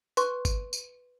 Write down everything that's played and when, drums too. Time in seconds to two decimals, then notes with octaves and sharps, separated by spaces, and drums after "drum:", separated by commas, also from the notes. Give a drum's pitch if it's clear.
0.17 B4 C6 C#6, drum: tambourine
0.45 drum: kick, tambourine
0.73 drum: tambourine